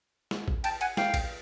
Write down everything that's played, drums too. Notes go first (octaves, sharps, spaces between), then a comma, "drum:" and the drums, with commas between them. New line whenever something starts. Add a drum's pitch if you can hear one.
drum: snare
drum: kick A1
G5 A5, drum: cymbal
F#5 G#5, drum: cymbal
F5 G5, drum: snare
drum: kick A1, cymbal